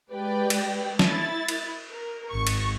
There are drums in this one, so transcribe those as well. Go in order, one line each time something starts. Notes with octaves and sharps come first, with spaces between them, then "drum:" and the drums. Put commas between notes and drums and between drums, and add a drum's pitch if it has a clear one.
G#3 G4 B4 D5 G5
drum: cymbal
E4 A6, drum: snare
drum: cymbal
A#4
G#1 C#6
drum: cymbal